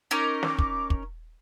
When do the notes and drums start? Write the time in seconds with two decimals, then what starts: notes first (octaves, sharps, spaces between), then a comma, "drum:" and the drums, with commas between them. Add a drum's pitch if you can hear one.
0.11 C#4 D#4 A#4 D6
0.43 drum: snare
0.59 drum: kick
0.90 drum: kick